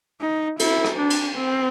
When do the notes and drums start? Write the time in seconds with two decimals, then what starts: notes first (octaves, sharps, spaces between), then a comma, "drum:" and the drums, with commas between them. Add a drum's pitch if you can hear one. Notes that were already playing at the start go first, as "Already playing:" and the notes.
0.21 D#4
0.59 E4, drum: cymbal
0.85 drum: rim click
0.97 D4
1.10 drum: cymbal
1.36 C4